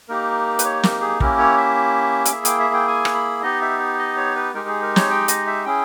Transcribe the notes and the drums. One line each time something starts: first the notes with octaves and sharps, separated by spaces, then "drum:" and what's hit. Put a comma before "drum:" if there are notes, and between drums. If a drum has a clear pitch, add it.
A#3 D#4 G4 A#4
B4, drum: hi-hat
C#5
A#4, drum: snare
G#4
A#3 C#4 E4 G4 A#4, drum: kick
C#5
E5
G5, drum: hi-hat
A#3 E4 G#4 E5
G5, drum: hi-hat
E5
G5
G#5
drum: rim click
B5
B3 D#4 G4 D#5
E5
D#5
C#5
B4
G#3 D#4 G4 A#4
G#4
A#4
C#5, drum: snare
G5
D#5, drum: hi-hat
E5
C#4 E4 G#4 G5